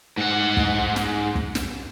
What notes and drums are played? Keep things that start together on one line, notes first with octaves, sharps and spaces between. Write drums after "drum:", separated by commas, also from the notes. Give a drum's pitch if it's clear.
G#2 F#5
drum: kick
drum: snare
drum: kick
drum: snare